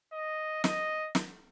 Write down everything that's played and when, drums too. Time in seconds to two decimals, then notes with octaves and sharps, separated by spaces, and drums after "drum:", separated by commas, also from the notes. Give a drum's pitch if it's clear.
0.13 D#5
0.64 D#5, drum: snare
1.15 drum: snare